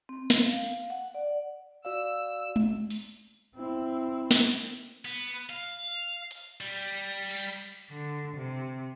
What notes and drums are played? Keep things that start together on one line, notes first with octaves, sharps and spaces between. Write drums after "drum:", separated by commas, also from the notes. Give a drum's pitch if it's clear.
C4
drum: snare
F5
F#5
D5
F#4 D5 F5 E6
drum: tom G#3
drum: open hi-hat
C4 E4
drum: snare
B3
F5
drum: hi-hat
G3
drum: cymbal
D3
C3